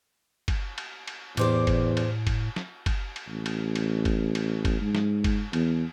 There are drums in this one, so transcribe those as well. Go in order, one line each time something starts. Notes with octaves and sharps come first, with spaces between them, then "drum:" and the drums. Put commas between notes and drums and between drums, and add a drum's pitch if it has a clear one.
drum: kick F#1, cymbal
drum: cymbal
drum: cymbal
E2 A2 G4 C5 D5, drum: cymbal
drum: kick F#1, cymbal
drum: cymbal
drum: kick F#1, cymbal
drum: snare
drum: kick F#1, cymbal
drum: cymbal
A1
drum: cymbal
drum: cymbal
drum: kick F#1, cymbal
drum: cymbal
drum: kick F#1, cymbal
G#2
drum: snare
drum: kick F#1, cymbal
E2, drum: cymbal